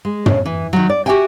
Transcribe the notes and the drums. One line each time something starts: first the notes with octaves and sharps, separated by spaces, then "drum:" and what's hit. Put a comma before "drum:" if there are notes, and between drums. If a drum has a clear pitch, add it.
G#3
A2 C#3, drum: tom
E3
D#3 F#3
D5
F#4 G4 C5 E5 G5 G#5